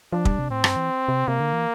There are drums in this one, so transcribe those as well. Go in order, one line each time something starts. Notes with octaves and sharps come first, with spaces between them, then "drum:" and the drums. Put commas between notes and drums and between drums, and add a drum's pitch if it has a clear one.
F3 D4
G3, drum: kick
C3
A2 C4
G2, drum: rim click
E3
C3
C3 A#3
D3
E3